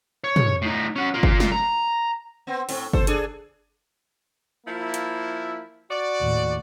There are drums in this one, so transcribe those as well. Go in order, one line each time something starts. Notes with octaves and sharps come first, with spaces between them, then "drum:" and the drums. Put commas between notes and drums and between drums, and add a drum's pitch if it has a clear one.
C#5
drum: tom
A2 D#4
C#4 F#5
F4 A#4
drum: kick G1
drum: snare
A#5
B3 C4
A2 C4, drum: open hi-hat
A4 C5, drum: kick G1
D4 G#4 A4, drum: hi-hat
F3 A#3 E4
drum: hi-hat
F#4 D5
D#2 A2